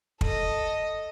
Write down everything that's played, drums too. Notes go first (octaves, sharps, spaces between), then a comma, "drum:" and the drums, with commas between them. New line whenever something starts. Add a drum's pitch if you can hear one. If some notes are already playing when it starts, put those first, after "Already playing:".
A4 D#5, drum: kick